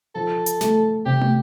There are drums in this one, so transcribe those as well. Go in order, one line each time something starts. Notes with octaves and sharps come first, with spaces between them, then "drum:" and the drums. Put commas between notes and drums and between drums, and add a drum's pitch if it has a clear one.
F3 A4
drum: hi-hat
A3, drum: snare
C3 G4
drum: tom